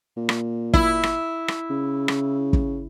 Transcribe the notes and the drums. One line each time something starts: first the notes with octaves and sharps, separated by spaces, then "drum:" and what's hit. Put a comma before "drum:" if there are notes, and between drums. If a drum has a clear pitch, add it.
A#2
drum: rim click
E4, drum: kick
drum: rim click
drum: rim click
C#3
drum: rim click
drum: kick